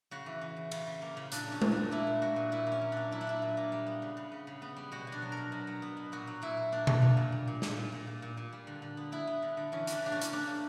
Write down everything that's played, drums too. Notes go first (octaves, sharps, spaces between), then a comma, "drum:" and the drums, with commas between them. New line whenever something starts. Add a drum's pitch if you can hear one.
C#3 F#4
E3
E3
E3
C#3, drum: cymbal
C#3
A#3
C#3
A#2 D4, drum: hi-hat
A#2
C#4
A#2, drum: tom G#3
A#2 D4
A#3 E4
A#2
G3 F#4
A#2
A#2 E4
A#3
C#4
F#3
A#3 D4
F#3 E4
D4
A#3 E4
A#2
A#3
G3
B3
C#3
C#3
B3
C#3
B3
G3
B2 F#4
B2
D4
F#3
A#4
B2
B2
F#3
B3
B2
A#2 F#4
F#3
A#2 E4
F#3
A#3 D4
A#2, drum: tom B2
A#3
A#2
G3
A#2
A#2, drum: snare
A#2
A#2
A#2
A#2
A#2
G3
D3
D3
B3
B3 E4
B3
D3
D3
E3 C#4
E3, drum: hi-hat
D4
C#3 D4
A#3 C#4
drum: hi-hat
A#3 D4
C#3